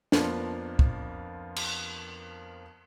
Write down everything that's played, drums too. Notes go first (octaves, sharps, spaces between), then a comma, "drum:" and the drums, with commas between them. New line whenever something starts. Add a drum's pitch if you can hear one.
F2 F3 A#3 B3 D4, drum: snare
drum: kick
drum: cymbal